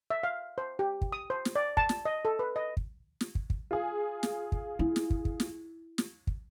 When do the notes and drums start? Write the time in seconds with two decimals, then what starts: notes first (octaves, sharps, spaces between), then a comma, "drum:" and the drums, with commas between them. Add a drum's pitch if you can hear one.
0.10 E5
0.23 F5
0.58 C5
0.79 G4
1.01 drum: kick
1.12 D#6
1.30 C5
1.45 drum: snare
1.56 D5
1.77 A5, drum: kick
1.89 drum: snare
2.05 D#5
2.25 A4
2.39 B4
2.56 D#5
2.77 drum: kick
3.21 drum: snare
3.35 drum: kick
3.50 drum: kick
3.71 F4 G#4
4.23 drum: snare
4.52 drum: kick
4.79 E4
4.96 drum: snare
5.10 drum: kick
5.25 drum: kick
5.40 drum: snare
5.98 drum: snare
6.27 drum: kick